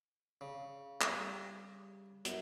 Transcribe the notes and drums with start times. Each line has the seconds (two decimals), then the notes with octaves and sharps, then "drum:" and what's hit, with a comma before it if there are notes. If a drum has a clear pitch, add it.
0.41 C#3
1.01 G3, drum: clap
2.25 F#2 B3, drum: hi-hat